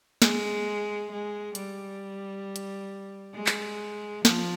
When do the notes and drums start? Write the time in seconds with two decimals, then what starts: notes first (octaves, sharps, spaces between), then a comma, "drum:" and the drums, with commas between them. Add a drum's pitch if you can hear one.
0.22 G#3, drum: snare
1.11 G#3
1.55 G3, drum: hi-hat
2.56 drum: hi-hat
3.34 G#3
3.46 drum: clap
4.25 F3, drum: snare